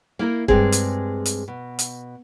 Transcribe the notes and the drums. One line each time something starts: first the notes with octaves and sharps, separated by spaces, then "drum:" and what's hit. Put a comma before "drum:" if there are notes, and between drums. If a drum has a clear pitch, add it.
A#3 E4 A#4
G2 G#3 C4 G#4, drum: kick
drum: hi-hat
drum: hi-hat
B2
drum: hi-hat